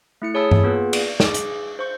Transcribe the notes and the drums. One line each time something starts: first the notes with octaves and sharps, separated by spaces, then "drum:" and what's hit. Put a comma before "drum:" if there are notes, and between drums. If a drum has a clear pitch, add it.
A3 E4 C#7
G#4 C#5 A5 B5 D#6 E6
drum: tom G2
A#3 B3 F4 G#4 B4
D5, drum: cymbal
G#4 D6, drum: snare
drum: hi-hat
C5 C#6 G6